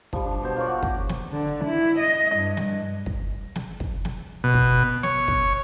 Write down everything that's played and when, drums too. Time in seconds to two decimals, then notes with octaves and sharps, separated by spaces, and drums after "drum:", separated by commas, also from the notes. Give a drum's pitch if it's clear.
0.13 F3 G3, drum: kick
0.25 D4
0.43 B2 C5
0.56 F4 A#4 C#5 D5
0.68 F#4
0.83 G4, drum: kick
1.09 drum: snare
1.32 D3
1.65 E4
1.99 D#5
2.36 G2
2.57 drum: snare
3.06 drum: kick
3.56 drum: snare
3.80 drum: kick
4.05 drum: snare
4.44 B2
4.54 drum: kick
5.03 C#5, drum: snare
5.28 drum: kick